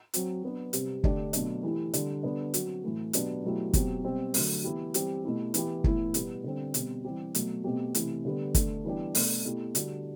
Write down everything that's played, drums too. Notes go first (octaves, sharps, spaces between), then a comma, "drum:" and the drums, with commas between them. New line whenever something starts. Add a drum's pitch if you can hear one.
F#3 C4 F#4, drum: hi-hat
F#3 B3 D4
C3 G3 C4, drum: hi-hat
D3 A3 D4 G4, drum: kick
B2 F#3 A3 D4, drum: hi-hat
E3 A3 E4 G4
D3 G3 D4, drum: hi-hat
D3 G3 B3 D4
F#3 C4 F#4, drum: hi-hat
A2 E3 A3
B2 F#3 B3 D4 G4, drum: hi-hat
B2 F#3 A3 E4 G4
B2 F#3 C4 G4, drum: kick, hi-hat
B2 G3 C4 G4
D3 F#3 A3, drum: open hi-hat
E3 B3 E4 G4
E3 G3 C4 G4, drum: hi-hat
B2 A3 E4 G4
E3 B3 E4 G4, drum: hi-hat
A2 E3 B3 E4, drum: kick
B2 G3 B3, drum: hi-hat
D3 G3 C4
B2 G3 C4, drum: hi-hat
E3 G3 C4 G4
B2 F#3 A3, drum: hi-hat
B2 A3 C4 G4
C3 E3 A3, drum: hi-hat
D3 G3 B3
D3 A3 D4, drum: kick, hi-hat
E3 G3 B3 D4 G4
B2 A3 D4, drum: open hi-hat
B2 A3 E4 G4
D3 G3 D4 F#4, drum: hi-hat